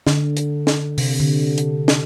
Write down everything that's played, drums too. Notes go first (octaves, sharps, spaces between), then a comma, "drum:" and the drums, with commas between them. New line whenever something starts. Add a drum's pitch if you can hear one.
D3, drum: snare
drum: hi-hat
drum: snare
C3, drum: open hi-hat
D3
drum: hi-hat
drum: snare